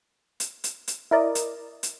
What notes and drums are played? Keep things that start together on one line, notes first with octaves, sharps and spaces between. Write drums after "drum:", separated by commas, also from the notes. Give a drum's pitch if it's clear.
drum: hi-hat
drum: hi-hat
drum: hi-hat
E4 A#4 D5 D#5
drum: hi-hat
drum: hi-hat